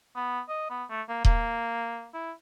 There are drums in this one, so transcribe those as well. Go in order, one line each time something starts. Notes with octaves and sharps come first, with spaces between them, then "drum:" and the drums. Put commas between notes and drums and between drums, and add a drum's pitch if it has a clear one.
B3
D#5
B3
A3
A#3
A#3, drum: kick D#1
E4